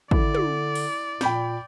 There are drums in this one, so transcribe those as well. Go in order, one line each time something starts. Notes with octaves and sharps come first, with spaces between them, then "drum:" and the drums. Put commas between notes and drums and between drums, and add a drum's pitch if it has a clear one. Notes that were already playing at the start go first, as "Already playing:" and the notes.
D3 E4 D5, drum: kick
drum: tom
drum: open hi-hat
A#2 G5 B5 G6, drum: snare